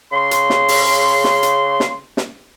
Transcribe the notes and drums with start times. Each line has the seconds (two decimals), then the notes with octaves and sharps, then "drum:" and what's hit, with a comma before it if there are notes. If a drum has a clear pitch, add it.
0.13 C#3 C6
0.31 drum: hi-hat
0.50 drum: snare
0.68 drum: open hi-hat
1.24 drum: snare
1.43 drum: hi-hat
1.80 drum: snare
2.17 drum: snare